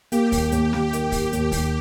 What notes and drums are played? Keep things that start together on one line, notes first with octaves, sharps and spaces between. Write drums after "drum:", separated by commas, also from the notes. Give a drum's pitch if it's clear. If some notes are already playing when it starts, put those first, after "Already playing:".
A#3 G4, drum: hi-hat
D#2, drum: kick, open hi-hat
D#2, drum: hi-hat
A#3, drum: snare
D#3, drum: hi-hat
D#3, drum: kick, open hi-hat
D#2, drum: hi-hat
D#2, drum: kick, open hi-hat